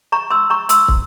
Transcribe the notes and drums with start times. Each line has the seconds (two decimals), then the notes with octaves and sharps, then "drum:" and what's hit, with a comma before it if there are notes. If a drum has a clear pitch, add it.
0.12 A#5 C#6
0.30 C6 E6
0.50 A#5 C#6
0.69 C6 E6, drum: hi-hat
0.88 drum: kick